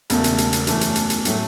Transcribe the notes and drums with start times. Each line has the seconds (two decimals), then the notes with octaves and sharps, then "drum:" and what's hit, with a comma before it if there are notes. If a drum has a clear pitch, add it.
0.10 E1 E2 C#3 A3, drum: hi-hat
0.24 drum: hi-hat
0.38 drum: hi-hat
0.53 drum: hi-hat
0.67 F#2 E3 A3, drum: hi-hat
0.81 drum: hi-hat
0.95 drum: hi-hat
1.10 drum: hi-hat
1.25 A2 F#3 A3, drum: hi-hat